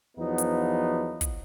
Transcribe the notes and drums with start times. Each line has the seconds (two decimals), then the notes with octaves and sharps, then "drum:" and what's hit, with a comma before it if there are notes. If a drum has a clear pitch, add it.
0.18 E2 F3 F#3 B3 D#4
0.38 drum: hi-hat
1.21 drum: kick, hi-hat